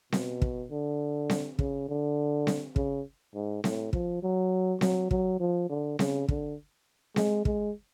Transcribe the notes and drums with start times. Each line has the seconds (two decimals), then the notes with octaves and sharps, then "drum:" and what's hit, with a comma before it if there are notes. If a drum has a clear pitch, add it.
0.12 B2, drum: snare C4
0.42 drum: kick
0.71 D3
1.30 drum: snare C4
1.59 C#3, drum: kick
1.88 D3
2.47 drum: snare C4
2.76 C#3, drum: kick
3.35 G#2
3.64 A2, drum: snare C4
3.93 F3, drum: kick
4.23 F#3
4.81 F#3, drum: snare C4
5.11 F#3, drum: kick
5.40 F3
5.70 D3
5.99 C#3, drum: snare C4
6.29 D3, drum: kick
7.16 G#3, drum: snare C4
7.45 G#3, drum: kick